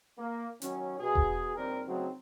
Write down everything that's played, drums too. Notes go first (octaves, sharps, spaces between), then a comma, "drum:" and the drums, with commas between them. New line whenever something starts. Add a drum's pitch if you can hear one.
A#3
D#3 F#3 C#4, drum: hi-hat
B2 G#4
drum: kick E1
A#1 D#2 G3 C4 A#4
C#3 F#3 A3 C4 D#4